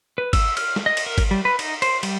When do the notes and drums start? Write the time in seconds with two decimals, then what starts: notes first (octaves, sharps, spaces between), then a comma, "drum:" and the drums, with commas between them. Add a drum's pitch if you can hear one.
0.18 B4
0.33 E6, drum: kick G#1, cymbal
0.57 F6, drum: cymbal
0.76 drum: snare
0.86 D#5
0.97 drum: cymbal
1.06 A#4
1.18 drum: kick G#1, cymbal
1.31 G3
1.45 B4
1.59 D#4, drum: cymbal
1.82 C5, drum: cymbal
2.03 G3, drum: cymbal